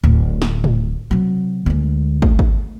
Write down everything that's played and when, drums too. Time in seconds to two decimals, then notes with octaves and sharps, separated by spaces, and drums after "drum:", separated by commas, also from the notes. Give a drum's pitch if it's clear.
0.04 D1 A1
0.42 drum: snare
0.64 drum: tom A2
1.11 C3 F#3
1.66 D2 G#3
2.22 A3, drum: kick
2.39 drum: kick